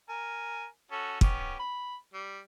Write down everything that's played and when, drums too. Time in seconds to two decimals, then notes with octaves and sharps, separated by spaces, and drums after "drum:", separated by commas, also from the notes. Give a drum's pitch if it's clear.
0.09 A#4 G#5
0.91 C#4 F#4 A4
1.21 B3 C#4 G4, drum: kick
1.59 B5
2.14 G3